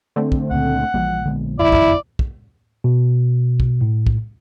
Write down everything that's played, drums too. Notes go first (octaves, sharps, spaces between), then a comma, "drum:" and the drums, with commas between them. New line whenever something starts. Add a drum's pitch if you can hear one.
D3 A3 C4
drum: kick
C#2 A#2 F#5
A#1 E3 G3 A#3
D3 G#3 B3
F#1 F2 D#3 E4 D5
drum: kick
drum: kick
B2
drum: kick
A2
drum: kick